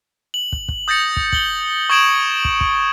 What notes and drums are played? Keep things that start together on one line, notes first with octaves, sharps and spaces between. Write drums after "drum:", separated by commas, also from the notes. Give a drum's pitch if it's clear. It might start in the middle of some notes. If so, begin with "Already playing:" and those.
F#7
drum: kick
drum: kick
D#6 G6 A6 A#6 C#7
drum: kick
F#7 G7, drum: kick
C#6 D#6 G#6 D7 E7 F#7
drum: kick
drum: kick